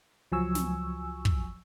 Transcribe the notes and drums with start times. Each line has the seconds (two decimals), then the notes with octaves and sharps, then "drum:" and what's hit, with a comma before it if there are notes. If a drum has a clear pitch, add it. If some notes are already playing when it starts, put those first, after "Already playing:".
0.32 C#2 F3 F#3 G#5 C#6 E6
0.55 drum: snare
1.25 drum: kick